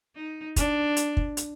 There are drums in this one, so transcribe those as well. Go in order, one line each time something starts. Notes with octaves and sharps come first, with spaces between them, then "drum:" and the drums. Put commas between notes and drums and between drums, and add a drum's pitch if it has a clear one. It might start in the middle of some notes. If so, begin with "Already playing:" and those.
D#4
D4, drum: kick, hi-hat
drum: hi-hat
drum: kick
drum: hi-hat